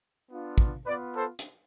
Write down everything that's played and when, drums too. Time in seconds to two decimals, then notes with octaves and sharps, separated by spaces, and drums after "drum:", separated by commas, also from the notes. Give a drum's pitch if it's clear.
0.29 B3 D4 F4
0.58 drum: kick
0.86 B3 F4 B4 D5
1.14 A4 C5
1.39 drum: hi-hat